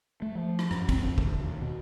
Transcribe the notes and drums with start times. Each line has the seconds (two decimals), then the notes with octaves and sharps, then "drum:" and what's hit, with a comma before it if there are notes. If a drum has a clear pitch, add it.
0.22 A3
0.35 F3
0.59 drum: rim click
0.71 F#2, drum: rim click
0.89 C4, drum: kick, cymbal
1.02 F2
1.18 D2, drum: kick
1.42 D#2
1.61 B2